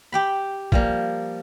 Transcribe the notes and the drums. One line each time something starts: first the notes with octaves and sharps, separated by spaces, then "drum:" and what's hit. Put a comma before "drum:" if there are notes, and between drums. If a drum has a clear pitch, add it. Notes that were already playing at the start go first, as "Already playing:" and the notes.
G4 G5 B5
F3 G3 A#3, drum: kick